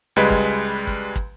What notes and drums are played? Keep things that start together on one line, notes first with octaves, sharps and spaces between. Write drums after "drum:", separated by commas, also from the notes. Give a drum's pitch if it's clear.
C#2 G3 G#3 B4
drum: kick
drum: kick
drum: kick